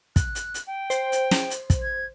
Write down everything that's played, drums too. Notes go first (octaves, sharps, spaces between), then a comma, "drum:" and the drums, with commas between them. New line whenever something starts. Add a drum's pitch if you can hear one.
F#6, drum: kick, hi-hat
drum: hi-hat
drum: hi-hat
G5
C5, drum: hi-hat
drum: hi-hat
drum: snare
drum: hi-hat
drum: kick, hi-hat
G#6